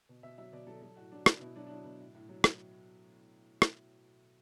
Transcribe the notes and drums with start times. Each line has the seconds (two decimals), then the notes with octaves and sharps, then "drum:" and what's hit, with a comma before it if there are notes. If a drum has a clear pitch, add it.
0.09 B2
0.23 B2 E5
0.38 F#3 E5
0.53 B2 D5
0.67 F#3 A4
0.82 F#3 A4
0.97 A2 F#4
1.12 F#3 D4
1.26 F#3 E4, drum: rim click
1.41 B2 E4
1.56 F#3 D4
1.67 D4
1.71 F#3 E4
1.85 B2
2.00 A2
2.15 A2
2.29 F#3
2.44 drum: rim click
3.62 drum: rim click